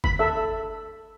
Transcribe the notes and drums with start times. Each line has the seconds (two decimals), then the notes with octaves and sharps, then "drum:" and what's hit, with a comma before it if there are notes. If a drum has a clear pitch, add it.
0.04 B5, drum: kick F#1
0.19 A4 E5